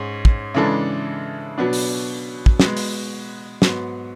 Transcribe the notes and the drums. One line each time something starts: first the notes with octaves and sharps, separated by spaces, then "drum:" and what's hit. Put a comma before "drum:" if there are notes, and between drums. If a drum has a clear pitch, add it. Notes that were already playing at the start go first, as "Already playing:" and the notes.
Already playing: G#2 C#4 G#4
drum: kick
C#3 E3 G#3 D4 A4
B2 F#3 B3 D4
drum: open hi-hat
drum: kick
G#3 B3 F#4, drum: snare
drum: open hi-hat
G#2 F#3 B3, drum: snare